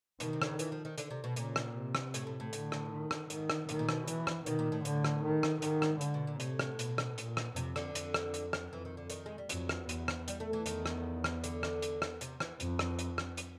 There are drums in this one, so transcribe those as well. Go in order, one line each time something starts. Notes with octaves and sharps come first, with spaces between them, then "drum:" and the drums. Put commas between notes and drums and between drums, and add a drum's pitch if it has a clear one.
B2 D#3, drum: hi-hat
C3
D3, drum: rim click
C#3
E3, drum: hi-hat
F3
D#3
D3, drum: hi-hat
C3
B2
A#2 C#3, drum: hi-hat
drum: rim click
C3
drum: rim click
A2, drum: hi-hat
A2
A2
D3, drum: hi-hat
drum: rim click
D#3
drum: rim click
G#2 D#3, drum: hi-hat
drum: rim click
A2 D#3, drum: hi-hat
A#2
B2, drum: rim click
E3, drum: hi-hat
drum: rim click
B2 D#3, drum: hi-hat
A#2
A2
D3, drum: hi-hat
drum: rim click
D#3
drum: rim click
G#2 D#3, drum: hi-hat
drum: rim click
D3, drum: hi-hat
B2
A#2
A2 C3, drum: hi-hat
drum: rim click
B2, drum: hi-hat
drum: rim click
A#2, drum: hi-hat
drum: rim click
F2 C3, drum: hi-hat
D3, drum: rim click
F2, drum: hi-hat
drum: rim click
drum: hi-hat
drum: rim click
F2 E3
D#3
D3
D#3, drum: hi-hat
G#3
G3
F2 F#3, drum: hi-hat
drum: rim click
E2, drum: hi-hat
drum: rim click
G3, drum: hi-hat
A3
E3
E2 D#3, drum: hi-hat
drum: rim click
drum: rim click
D3, drum: hi-hat
drum: rim click
drum: hi-hat
drum: rim click
C3, drum: hi-hat
E3, drum: rim click
F2, drum: hi-hat
drum: rim click
drum: hi-hat
drum: rim click
drum: hi-hat